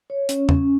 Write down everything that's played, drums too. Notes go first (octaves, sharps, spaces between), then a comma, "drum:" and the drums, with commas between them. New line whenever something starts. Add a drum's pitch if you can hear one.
C#5
C#4, drum: hi-hat
C#4, drum: tom E2